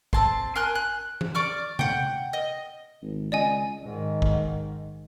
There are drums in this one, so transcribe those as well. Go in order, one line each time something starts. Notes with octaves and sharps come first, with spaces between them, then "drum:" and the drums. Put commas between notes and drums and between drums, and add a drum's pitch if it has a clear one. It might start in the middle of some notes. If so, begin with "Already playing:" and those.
C4 A5 C6, drum: kick A1
A#4 G#5 C6 F#6
F#6
drum: tom E3
D5 C#6 D6 F6
F#5 G5, drum: tom C3
D#5
G#1
C#2 D5 D#5 G#5
G#2 D#3
drum: kick A1